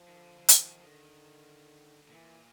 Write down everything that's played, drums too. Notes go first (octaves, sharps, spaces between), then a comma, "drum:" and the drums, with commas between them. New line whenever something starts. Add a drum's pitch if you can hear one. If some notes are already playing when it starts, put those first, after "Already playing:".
Already playing: F3
D#3
D3
D3
D#3, drum: hi-hat
D3 D#3
A#2 E3